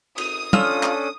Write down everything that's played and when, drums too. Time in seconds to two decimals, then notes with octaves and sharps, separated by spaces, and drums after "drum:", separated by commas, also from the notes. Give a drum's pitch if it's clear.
0.18 D#6, drum: cymbal
0.53 C#4 D4 F4 A4 E6, drum: tom
0.83 drum: clap